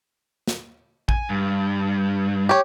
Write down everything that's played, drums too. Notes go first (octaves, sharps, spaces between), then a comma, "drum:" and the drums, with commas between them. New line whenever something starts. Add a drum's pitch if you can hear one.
drum: snare
G#5, drum: kick A1
G2
G4 C#5